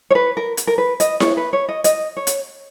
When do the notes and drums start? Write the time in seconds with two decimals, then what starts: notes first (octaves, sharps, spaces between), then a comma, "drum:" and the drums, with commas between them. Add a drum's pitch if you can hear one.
0.10 C#5
0.15 B4
0.37 A#4
0.57 drum: hi-hat
0.67 A#4
0.78 B4
1.00 D#5, drum: hi-hat
1.20 C#5, drum: snare E4
1.37 B4
1.53 C#5
1.69 D#5
1.84 D#5, drum: hi-hat
2.17 C#5
2.27 drum: hi-hat